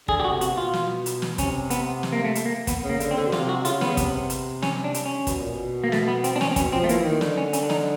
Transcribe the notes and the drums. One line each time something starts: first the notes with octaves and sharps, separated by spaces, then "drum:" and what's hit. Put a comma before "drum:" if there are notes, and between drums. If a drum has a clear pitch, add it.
D3 G#4, drum: kick
G4
F#4
C3
F#4, drum: hi-hat
B2
F4
drum: snare
drum: hi-hat
drum: snare
C3 C#4, drum: kick, hi-hat
B3, drum: hi-hat
drum: snare
A#3
A3
drum: hi-hat
A#3
B3, drum: kick, hi-hat
C#3
A#3
D3, drum: hi-hat
C4
D3
B2
C3 F4, drum: snare
F#4
C#3 F4, drum: hi-hat
B3, drum: snare
C#3
C3, drum: kick, hi-hat
drum: hi-hat
C#4, drum: snare
D4
drum: hi-hat
C#4
B2, drum: kick, hi-hat
A#2
B2
A#3
A3, drum: snare
B3
C4, drum: hi-hat
D4
C#4, drum: snare
C4
B2 C#4, drum: kick, hi-hat
F3 C4
A3
E3 A#3, drum: hi-hat
D#3
D3, drum: snare
C#4
C#4, drum: hi-hat
D4
D#4, drum: snare